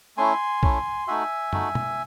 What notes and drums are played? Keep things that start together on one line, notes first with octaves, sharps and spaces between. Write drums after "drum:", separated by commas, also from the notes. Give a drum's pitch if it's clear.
A3 C#4 E4 G#5 C6
A3 C#4 E4, drum: kick A#1
A3 D#4 F#4 E5 G#5
A3 D#4 F#4, drum: tom
drum: tom